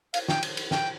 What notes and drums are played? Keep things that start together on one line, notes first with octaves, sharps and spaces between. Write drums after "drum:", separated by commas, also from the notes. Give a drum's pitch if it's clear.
F5, drum: cymbal
G5, drum: snare
drum: cymbal
drum: cymbal
G5, drum: snare